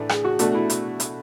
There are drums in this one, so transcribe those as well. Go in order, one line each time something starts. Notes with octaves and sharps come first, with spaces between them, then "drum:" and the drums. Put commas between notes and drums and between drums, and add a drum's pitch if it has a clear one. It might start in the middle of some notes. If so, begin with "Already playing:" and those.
Already playing: A2 E3 A3 D4
G#4, drum: rim click
F#4
B2 A3 D4 F#4, drum: hi-hat
E4
drum: hi-hat
drum: hi-hat